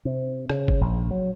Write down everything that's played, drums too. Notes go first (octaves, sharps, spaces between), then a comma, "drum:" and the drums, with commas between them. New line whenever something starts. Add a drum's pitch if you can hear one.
C3
C#3, drum: rim click
drum: kick F#1
A#1
F#3